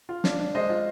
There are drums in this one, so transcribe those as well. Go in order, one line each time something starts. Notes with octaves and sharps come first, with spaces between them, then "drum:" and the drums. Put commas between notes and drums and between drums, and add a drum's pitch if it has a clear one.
F4
D4, drum: snare
D4
G#3 C5 D#5
F4